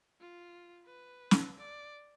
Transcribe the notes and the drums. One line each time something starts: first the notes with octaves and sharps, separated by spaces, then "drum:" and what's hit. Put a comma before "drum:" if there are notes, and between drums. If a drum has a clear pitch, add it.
F4
B4
drum: snare
D5